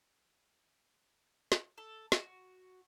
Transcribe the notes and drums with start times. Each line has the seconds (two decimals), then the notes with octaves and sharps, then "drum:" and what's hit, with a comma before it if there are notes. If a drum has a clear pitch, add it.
1.52 drum: snare
1.78 A4
2.12 F#4, drum: snare